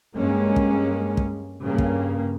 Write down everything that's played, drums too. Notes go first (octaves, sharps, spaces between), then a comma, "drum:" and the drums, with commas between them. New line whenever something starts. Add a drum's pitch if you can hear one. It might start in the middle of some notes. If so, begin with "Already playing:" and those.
G2 G#3 A#3 C#4
drum: kick
drum: kick
G2 C#3 A#3
drum: kick